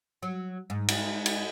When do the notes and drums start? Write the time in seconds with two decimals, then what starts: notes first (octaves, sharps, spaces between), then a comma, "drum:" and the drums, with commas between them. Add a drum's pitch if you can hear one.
0.23 F#3
0.70 G#2
0.88 drum: cymbal
1.26 drum: cymbal